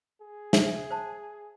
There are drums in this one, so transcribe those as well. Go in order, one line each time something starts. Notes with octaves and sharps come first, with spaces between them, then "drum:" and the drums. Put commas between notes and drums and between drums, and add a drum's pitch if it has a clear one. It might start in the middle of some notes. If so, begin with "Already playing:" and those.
G#4
E5, drum: snare
C5 A5